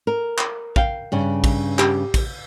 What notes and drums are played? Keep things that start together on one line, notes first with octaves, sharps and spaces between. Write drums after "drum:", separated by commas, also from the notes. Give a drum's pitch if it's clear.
A#4
drum: clap
F5 G5, drum: kick
G2 C#3
drum: kick, cymbal
G4, drum: clap
drum: kick, cymbal